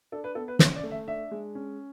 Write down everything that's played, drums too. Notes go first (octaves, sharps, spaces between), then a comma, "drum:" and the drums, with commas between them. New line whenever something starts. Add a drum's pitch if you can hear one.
D4 A4
B4
B3 A4
B4
C#4 C#5, drum: snare
D5
A3
E5
D4 E5
G#3
C#4